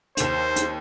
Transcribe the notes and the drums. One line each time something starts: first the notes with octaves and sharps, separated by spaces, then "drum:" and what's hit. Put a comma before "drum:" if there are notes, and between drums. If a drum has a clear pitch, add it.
D#2 C5 E7, drum: hi-hat
drum: hi-hat